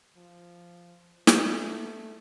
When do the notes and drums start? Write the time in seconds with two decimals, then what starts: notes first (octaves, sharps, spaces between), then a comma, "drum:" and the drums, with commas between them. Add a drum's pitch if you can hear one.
0.16 F3
1.27 A3, drum: snare